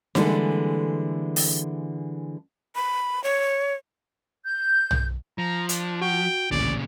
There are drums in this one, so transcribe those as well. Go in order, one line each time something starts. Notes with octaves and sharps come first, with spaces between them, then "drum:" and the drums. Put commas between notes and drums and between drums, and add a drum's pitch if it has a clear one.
D3 E3 G3 G#3 A#3 A4, drum: snare D#4
drum: open hi-hat
B5
C#5
G6
drum: tom
F3 A#5
D4, drum: hi-hat
F#4 G5
A1 D2 A#2 C#3 D5